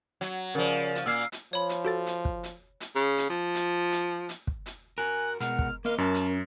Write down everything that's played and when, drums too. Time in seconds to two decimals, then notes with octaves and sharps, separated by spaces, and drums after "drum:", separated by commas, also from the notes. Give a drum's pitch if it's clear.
0.21 F#3, drum: hi-hat
0.55 C#3 F3 A#4 D5
0.95 drum: hi-hat
1.06 A#2 A#3 E6 F6 C7
1.32 drum: hi-hat
1.53 F3 C#5 B5
1.69 drum: hi-hat
1.85 F#4 A4 A6
2.06 drum: hi-hat
2.25 drum: kick
2.43 drum: hi-hat
2.81 drum: hi-hat
2.95 C#3
3.18 drum: hi-hat
3.29 F3
3.55 drum: hi-hat
3.92 drum: hi-hat
4.29 drum: hi-hat
4.47 drum: kick
4.66 drum: hi-hat
4.98 F#4 A#4 G#5 F#6
5.40 B2 G#3 A#4 F#5 F6, drum: hi-hat
5.59 drum: kick
5.85 A#3 A#4 D#5 F5
5.98 F#2 C#4 A#4 A5
6.14 drum: hi-hat